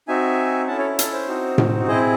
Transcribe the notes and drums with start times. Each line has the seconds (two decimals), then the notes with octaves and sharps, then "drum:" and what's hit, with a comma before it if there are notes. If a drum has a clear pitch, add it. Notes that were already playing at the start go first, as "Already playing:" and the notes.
0.08 C4 D#4 F#4 E5 G#5
0.68 C#4 E4 A4 F#5 A5
0.78 A4 C#5
0.99 A4, drum: hi-hat
1.13 C5
1.28 C4 D#4 F#4
1.58 drum: tom A2
1.87 C4 E4 G#4 C5 D#5